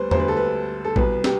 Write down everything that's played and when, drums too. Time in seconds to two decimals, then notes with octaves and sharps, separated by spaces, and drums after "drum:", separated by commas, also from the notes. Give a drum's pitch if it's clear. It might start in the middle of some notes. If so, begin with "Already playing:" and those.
Already playing: D2 G3 B3 B4 C5
0.11 D2 D3 G3 B3 C5, drum: tom E2
0.20 B4
0.28 A4
0.37 B4
0.85 A4
0.96 C2 B2 B3 B4, drum: kick A1
1.24 G4, drum: snare